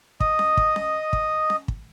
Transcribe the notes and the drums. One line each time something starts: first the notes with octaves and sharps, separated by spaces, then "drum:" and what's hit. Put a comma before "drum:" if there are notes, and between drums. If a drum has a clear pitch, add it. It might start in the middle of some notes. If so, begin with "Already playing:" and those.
D#5 D#6, drum: kick
drum: snare C#4
drum: kick
drum: snare C#4
drum: kick
drum: snare C#4
drum: kick